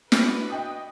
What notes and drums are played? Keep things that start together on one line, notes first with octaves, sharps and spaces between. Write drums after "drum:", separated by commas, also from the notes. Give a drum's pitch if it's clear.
D4 F#4 B4, drum: snare
D#5 G5 D#6